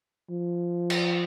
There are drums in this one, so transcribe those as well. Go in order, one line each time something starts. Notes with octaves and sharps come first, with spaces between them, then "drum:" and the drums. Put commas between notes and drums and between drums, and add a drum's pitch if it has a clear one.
F3
drum: cymbal